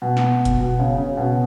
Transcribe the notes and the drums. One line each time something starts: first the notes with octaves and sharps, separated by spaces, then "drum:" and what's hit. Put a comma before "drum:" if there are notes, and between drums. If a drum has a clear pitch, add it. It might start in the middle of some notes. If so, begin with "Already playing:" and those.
B2
drum: snare
drum: kick F1, hi-hat
B2
C#3
C#3
B2